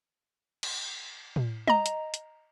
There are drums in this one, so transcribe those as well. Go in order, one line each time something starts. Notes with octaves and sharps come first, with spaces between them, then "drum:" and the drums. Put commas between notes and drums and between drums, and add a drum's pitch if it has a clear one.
drum: cymbal
drum: tom
D#5 A#5, drum: tom
drum: hi-hat
drum: hi-hat